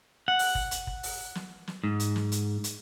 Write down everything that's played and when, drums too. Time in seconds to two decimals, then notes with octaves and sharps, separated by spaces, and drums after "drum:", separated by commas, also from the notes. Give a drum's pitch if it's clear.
0.28 F#5
0.39 drum: open hi-hat
0.55 drum: kick
0.71 drum: hi-hat
0.87 drum: kick
1.03 drum: open hi-hat
1.35 drum: snare
1.67 drum: snare
1.84 G#2
2.00 drum: hi-hat
2.16 drum: snare
2.32 drum: hi-hat
2.64 drum: hi-hat